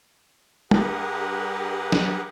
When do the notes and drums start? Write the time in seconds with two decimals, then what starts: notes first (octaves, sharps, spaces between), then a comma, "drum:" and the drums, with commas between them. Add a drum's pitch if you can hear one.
0.71 G2 G4 G#4 A#4 B4 F#5, drum: tom
1.92 drum: snare